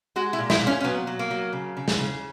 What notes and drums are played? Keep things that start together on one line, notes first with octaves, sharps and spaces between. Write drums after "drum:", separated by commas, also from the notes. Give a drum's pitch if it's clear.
G#3 F#4
E4
A#2
E4, drum: snare
A#2
C#4
C#4
F#3 B3
F#3
A#3
F#3
C#3
C#3
drum: snare
C#3